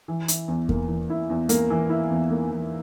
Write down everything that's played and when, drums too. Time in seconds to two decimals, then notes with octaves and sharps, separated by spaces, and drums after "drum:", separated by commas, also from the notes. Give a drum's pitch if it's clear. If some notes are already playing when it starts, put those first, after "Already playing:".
0.08 E3
0.28 E4, drum: hi-hat
0.48 E2
0.69 A#3, drum: kick E2
0.88 E3
1.10 E4
1.30 E2
1.49 A#3, drum: hi-hat
1.70 E3
1.89 E4
2.11 E2
2.31 A#3
2.51 E3